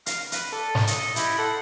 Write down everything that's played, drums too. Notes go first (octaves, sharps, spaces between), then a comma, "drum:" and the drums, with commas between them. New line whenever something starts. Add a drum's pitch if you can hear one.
F5, drum: hi-hat
B4, drum: hi-hat
A4 D5
drum: snare
A4 D#5, drum: hi-hat
E4 G4, drum: hi-hat
A4 C5 F#5